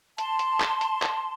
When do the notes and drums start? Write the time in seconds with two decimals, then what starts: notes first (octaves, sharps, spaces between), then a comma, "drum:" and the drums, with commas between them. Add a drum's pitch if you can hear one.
0.18 A5 C6, drum: hi-hat
0.39 drum: hi-hat
0.60 drum: clap
0.81 drum: hi-hat
1.02 drum: clap